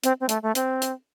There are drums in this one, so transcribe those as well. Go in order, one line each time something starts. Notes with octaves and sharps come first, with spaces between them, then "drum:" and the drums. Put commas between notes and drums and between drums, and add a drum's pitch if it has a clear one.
C4, drum: hi-hat
C4
A3, drum: hi-hat
A3
C4, drum: hi-hat
drum: hi-hat